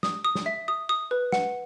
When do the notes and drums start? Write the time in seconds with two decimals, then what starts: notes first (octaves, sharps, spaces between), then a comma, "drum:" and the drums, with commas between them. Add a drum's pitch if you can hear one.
0.03 D#6, drum: snare
0.25 D#6
0.35 drum: snare
0.46 E5
0.68 D#6
0.89 D#6
1.11 B4
1.32 F#5, drum: snare